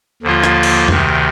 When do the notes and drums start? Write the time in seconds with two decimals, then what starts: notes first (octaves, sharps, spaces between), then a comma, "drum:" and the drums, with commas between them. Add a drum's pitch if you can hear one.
0.23 D#2 D3 F3 A#3 F4
0.44 drum: rim click
0.63 drum: cymbal
0.88 D2 C3 D#3, drum: tom F2